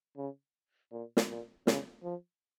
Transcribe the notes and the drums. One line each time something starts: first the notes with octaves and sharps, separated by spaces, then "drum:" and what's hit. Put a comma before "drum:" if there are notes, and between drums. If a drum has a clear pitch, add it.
C#3
A#2
drum: snare
A#2
C#3, drum: snare
F3